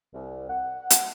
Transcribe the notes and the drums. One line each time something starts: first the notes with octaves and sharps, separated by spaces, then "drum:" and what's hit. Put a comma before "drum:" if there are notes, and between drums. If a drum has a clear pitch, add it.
C2
F#5
drum: hi-hat